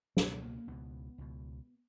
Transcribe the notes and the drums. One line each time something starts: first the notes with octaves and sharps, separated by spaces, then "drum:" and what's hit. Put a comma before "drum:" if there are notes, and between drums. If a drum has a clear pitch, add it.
C#2 B2 A3, drum: snare
A#3
C#2 B2 B3
C#2 B2